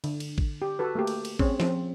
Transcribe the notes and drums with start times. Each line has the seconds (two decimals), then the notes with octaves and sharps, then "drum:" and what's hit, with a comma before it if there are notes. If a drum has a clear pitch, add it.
0.04 D3, drum: cymbal
0.20 drum: cymbal
0.38 drum: kick A1
0.62 G4
0.79 F#4 A4 B4
0.95 A3 A#3 G4
1.07 drum: cymbal
1.25 drum: cymbal
1.39 C4 C#4 G#4 C#5, drum: kick A1
1.60 F3 C4, drum: snare